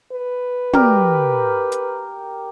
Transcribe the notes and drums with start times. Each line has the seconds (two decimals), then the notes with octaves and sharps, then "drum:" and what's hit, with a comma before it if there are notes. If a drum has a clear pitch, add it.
0.12 B4
0.73 G4 A#4, drum: tom
1.72 drum: hi-hat